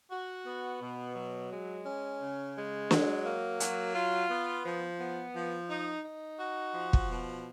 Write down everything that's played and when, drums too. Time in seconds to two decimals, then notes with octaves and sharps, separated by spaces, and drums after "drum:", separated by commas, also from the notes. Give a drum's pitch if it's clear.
0.11 F#4
0.47 B3
0.81 B2
1.16 F#3
1.51 G#3
1.86 C#4
2.21 C#3
2.56 G#3
2.91 F#3, drum: snare
3.26 A#3
3.60 F#3, drum: hi-hat
3.95 F4
4.30 B3
4.65 F3
5.00 B3
5.35 F3
5.70 D#4
6.05 D#4
6.40 F#4
6.75 F3
6.93 drum: kick
7.10 B2